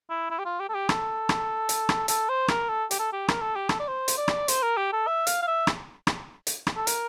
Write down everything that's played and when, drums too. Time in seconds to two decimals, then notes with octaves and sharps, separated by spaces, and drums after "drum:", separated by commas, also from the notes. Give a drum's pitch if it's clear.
0.10 E4
0.30 E4
0.39 G4
0.45 F4
0.60 G4
0.69 A4
0.74 G4
0.89 A4, drum: rim click
1.29 drum: rim click
1.69 drum: hi-hat
1.89 drum: rim click
2.08 A4, drum: hi-hat
2.29 C5
2.48 A#4, drum: rim click
2.69 A4
2.91 G4, drum: hi-hat
2.99 A4
3.13 G4
3.28 A#4, drum: rim click
3.41 A4
3.55 G4
3.69 A4, drum: rim click
3.79 D5
3.88 C5
4.08 drum: hi-hat
4.18 D5
4.28 drum: rim click
4.48 C5, drum: hi-hat
4.62 A#4
4.77 G4
4.92 A4
5.07 E5
5.27 F5, drum: hi-hat
5.42 F5
5.47 E5
5.67 drum: rim click
6.07 drum: rim click
6.47 drum: hi-hat
6.67 drum: rim click
6.76 A4
6.87 A#4, drum: hi-hat